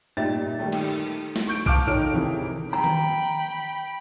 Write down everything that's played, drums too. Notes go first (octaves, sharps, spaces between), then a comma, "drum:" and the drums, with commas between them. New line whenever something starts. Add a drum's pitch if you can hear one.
A#2 G3 D#4 E5 A6
D#3 G3 A3
drum: cymbal
drum: snare
C#6 G6 D7
F5 A5 C#6 D6 F6 D7, drum: kick
D#3 D#4 A4 C#5 F6 D7
C3 D#3 E3 G#4
G5 A#5 B5
drum: tom D#3